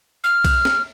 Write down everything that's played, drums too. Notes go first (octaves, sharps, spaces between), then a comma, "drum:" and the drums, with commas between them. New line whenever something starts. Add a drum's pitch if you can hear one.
F6
drum: kick B1, cymbal
drum: snare